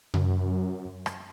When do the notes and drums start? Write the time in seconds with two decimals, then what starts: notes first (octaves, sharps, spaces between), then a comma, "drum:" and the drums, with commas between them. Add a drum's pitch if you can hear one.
0.14 F#2, drum: tom C3
1.06 drum: rim click